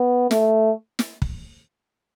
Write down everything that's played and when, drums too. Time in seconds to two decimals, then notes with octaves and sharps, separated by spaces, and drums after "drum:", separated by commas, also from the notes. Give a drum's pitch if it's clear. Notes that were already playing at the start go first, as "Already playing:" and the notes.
Already playing: B3
0.31 A3, drum: snare
0.99 drum: snare
1.22 drum: kick